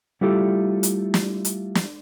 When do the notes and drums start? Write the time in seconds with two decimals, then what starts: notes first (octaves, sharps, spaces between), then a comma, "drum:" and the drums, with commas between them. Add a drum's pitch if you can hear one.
0.21 G3 A3 E4 F4 G4 A4
0.83 drum: hi-hat
1.14 drum: snare
1.45 drum: hi-hat
1.75 drum: snare